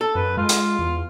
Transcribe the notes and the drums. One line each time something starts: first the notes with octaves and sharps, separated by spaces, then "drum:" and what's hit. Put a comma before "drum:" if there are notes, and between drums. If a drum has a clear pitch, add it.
A4
F#2 B4
G#3 F4
drum: hi-hat
E2